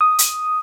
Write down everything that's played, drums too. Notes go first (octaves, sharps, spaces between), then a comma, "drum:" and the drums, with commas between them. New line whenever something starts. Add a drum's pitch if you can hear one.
D#6
drum: hi-hat